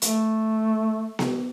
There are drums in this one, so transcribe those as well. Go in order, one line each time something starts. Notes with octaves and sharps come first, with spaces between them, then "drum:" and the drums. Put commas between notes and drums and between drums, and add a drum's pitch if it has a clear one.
A3, drum: hi-hat
drum: snare B3